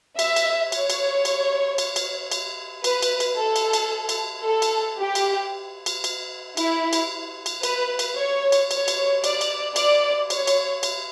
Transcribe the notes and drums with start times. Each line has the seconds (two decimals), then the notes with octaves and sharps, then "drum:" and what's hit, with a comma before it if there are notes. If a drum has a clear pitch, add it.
0.19 E5, drum: cymbal
0.36 drum: cymbal
0.72 C#5, drum: cymbal
0.90 drum: cymbal
1.25 drum: cymbal
1.78 drum: cymbal
1.96 drum: cymbal
2.32 drum: cymbal
2.84 B4, drum: cymbal
3.02 drum: cymbal
3.20 drum: cymbal
3.37 A4
3.56 drum: cymbal
3.73 drum: cymbal
4.09 drum: cymbal
4.44 A4
4.62 drum: cymbal
4.98 G4
5.15 drum: cymbal
5.86 drum: cymbal
6.04 drum: cymbal
6.57 E4, drum: cymbal
6.93 drum: cymbal
7.46 drum: cymbal
7.63 B4, drum: cymbal
7.99 drum: cymbal
8.17 C#5
8.52 drum: cymbal
8.71 C#5, drum: cymbal
8.88 drum: cymbal
9.24 D5, drum: cymbal
9.41 drum: cymbal
9.76 D5, drum: cymbal
10.30 C#5, drum: cymbal
10.47 drum: cymbal
10.83 drum: cymbal